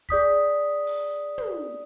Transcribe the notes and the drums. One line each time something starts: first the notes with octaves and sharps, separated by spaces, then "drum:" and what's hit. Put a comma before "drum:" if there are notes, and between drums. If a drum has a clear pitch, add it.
G#4 D5 D#6 B6, drum: kick
drum: open hi-hat
drum: tom